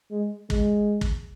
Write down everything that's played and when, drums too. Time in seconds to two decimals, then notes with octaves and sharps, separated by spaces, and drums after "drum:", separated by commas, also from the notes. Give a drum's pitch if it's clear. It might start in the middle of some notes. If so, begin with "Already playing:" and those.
0.11 G#3
0.50 G#3, drum: kick
1.01 drum: kick